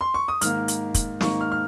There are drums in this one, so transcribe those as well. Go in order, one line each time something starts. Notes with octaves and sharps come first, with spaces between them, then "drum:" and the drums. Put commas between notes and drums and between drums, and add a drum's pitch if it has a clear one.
C6
C#6
D#6
G#2 D#3 A#3 F6, drum: hi-hat
drum: hi-hat
drum: kick, hi-hat
G#2 D#3 A#3 C#6, drum: snare
F6
F6